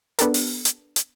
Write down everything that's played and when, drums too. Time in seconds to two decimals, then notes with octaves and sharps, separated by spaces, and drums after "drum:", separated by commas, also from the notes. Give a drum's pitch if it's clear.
0.19 B3 D4 G4 A4 A#4, drum: hi-hat
0.34 drum: open hi-hat
0.65 drum: hi-hat
0.96 drum: hi-hat